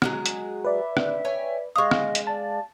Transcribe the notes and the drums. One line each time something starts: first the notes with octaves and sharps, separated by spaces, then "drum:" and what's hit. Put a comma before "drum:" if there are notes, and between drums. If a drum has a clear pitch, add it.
F#3 G#3 G#4, drum: rim click
drum: hi-hat
B4 D5 E5
drum: rim click
C#5 G5 G#5
G#3 D#5 F5 C#6 D#6
drum: rim click
drum: hi-hat
D5 A5